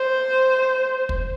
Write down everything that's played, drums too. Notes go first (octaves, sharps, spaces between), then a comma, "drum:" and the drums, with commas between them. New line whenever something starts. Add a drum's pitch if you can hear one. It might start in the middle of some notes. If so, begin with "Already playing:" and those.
Already playing: C5
drum: kick